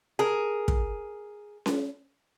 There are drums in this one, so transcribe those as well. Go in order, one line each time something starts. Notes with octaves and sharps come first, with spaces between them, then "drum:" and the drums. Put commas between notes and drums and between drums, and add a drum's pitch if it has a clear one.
G#4 A#4
drum: kick
drum: snare C#4